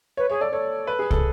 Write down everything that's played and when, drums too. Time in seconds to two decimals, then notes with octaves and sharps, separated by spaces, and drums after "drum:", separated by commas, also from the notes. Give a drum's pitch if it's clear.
0.17 B4 C#5
0.30 G#4 C#5
0.41 A4 D5
0.52 A4 C#5
0.87 B4
0.99 G#4
1.11 A4, drum: kick